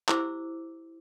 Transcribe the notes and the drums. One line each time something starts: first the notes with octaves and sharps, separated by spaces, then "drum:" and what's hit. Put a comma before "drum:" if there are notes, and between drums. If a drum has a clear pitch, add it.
E4 G4 C5 D6 E6, drum: clap